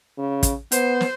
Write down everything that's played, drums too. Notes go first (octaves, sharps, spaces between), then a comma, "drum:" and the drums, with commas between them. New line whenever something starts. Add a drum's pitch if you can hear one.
C#3
drum: kick, hi-hat
B3 C5, drum: hi-hat
drum: snare